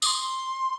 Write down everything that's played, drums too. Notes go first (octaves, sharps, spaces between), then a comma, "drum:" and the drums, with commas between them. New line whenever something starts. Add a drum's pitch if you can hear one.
D#6, drum: tambourine
C6